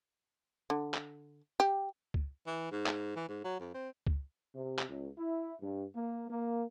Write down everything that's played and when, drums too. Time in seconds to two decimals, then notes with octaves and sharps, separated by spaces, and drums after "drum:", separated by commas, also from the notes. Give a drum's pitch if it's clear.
0.70 D3
0.94 drum: clap
1.60 G4
2.14 drum: kick C#2
2.46 E3
2.71 G#2
2.86 drum: clap
3.15 E3
3.28 G#2
3.44 F#3
3.59 F2
3.74 C4
4.07 drum: kick C#2
4.54 C3
4.79 drum: clap
4.88 C#2
5.18 E4
5.61 G2
5.94 A#3
6.29 A#3